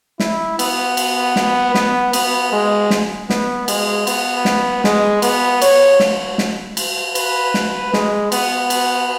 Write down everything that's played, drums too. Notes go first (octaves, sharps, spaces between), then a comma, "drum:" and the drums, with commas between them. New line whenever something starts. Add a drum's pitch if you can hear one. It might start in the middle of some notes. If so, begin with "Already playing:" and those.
E4, drum: snare
B3, drum: cymbal
drum: cymbal
drum: snare
B3, drum: snare
B3, drum: cymbal
G#3
drum: snare
B3, drum: snare
G#3, drum: cymbal
B3, drum: cymbal
drum: snare
G#3, drum: snare
B3, drum: cymbal
C#5, drum: cymbal
drum: snare
drum: snare
drum: cymbal
B4, drum: cymbal
drum: snare
G#3, drum: snare
B3, drum: cymbal
drum: cymbal